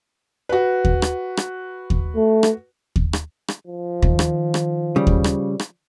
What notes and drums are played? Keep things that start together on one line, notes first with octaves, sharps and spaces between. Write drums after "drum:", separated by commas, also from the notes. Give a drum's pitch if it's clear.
F#4 B4
drum: kick D#2
drum: rim click
drum: rim click
drum: kick D#2
A3
drum: rim click
drum: kick D#2
drum: rim click
drum: rim click
F3
D#3, drum: kick D#2
drum: rim click
drum: rim click
C#3 G3
drum: kick D#2
drum: rim click
drum: rim click